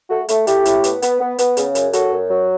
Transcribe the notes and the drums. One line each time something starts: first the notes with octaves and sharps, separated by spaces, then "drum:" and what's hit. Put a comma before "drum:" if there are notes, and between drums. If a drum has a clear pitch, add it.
A3 F#4 A4
A3, drum: hi-hat
A3 E4 G4, drum: hi-hat
A2, drum: hi-hat
B3, drum: hi-hat
B3, drum: hi-hat
B3
B3, drum: hi-hat
C#3, drum: hi-hat
F#2, drum: hi-hat
F#3 F#4 A4, drum: hi-hat
F#2
F#3